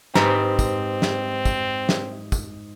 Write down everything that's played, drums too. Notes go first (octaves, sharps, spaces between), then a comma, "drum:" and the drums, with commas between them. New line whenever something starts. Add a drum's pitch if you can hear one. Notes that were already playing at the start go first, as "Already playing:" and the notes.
G#2 C4 G4 B4 A#5, drum: snare
drum: kick, tambourine
drum: snare
drum: kick, tambourine
drum: snare
drum: kick, tambourine